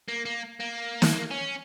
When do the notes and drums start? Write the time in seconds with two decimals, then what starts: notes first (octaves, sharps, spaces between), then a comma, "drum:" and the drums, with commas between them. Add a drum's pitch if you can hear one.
0.08 A#3
0.25 A#3
0.60 A#3
1.02 drum: snare
1.31 C#4